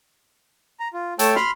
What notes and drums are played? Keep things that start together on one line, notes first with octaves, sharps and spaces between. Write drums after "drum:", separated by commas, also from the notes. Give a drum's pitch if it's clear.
A#5
F4
A3 C#5 G5 A5 E6, drum: hi-hat
B5 C6 F6, drum: snare